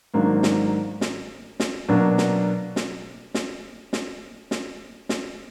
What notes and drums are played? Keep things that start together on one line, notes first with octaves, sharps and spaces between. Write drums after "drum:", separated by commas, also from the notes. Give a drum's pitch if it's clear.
G#2 D#3 F#3 A#3 D4
drum: snare
drum: snare
drum: snare
B2 F#3 A#3 D4
drum: snare
drum: snare
drum: snare
drum: snare
drum: snare
drum: snare